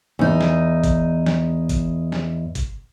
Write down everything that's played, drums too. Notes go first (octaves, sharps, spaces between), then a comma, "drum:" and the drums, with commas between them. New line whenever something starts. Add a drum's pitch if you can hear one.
E2 D#4
drum: snare
drum: kick, hi-hat
drum: snare
drum: kick, hi-hat
drum: snare
drum: kick, hi-hat